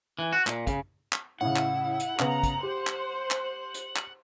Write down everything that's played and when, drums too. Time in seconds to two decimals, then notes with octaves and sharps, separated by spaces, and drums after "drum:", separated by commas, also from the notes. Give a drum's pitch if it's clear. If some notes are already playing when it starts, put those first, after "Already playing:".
0.19 E3
0.33 F#4
0.47 A#2, drum: clap
0.67 C#3, drum: kick, hi-hat
1.12 drum: clap
1.41 A2 C#3 E4 F#5
1.56 drum: clap
2.00 drum: hi-hat
2.19 C#3 B3 A#5, drum: clap
2.43 drum: kick, hi-hat
2.63 G4 C5
2.87 drum: clap
3.31 drum: clap
3.74 drum: hi-hat
3.96 drum: clap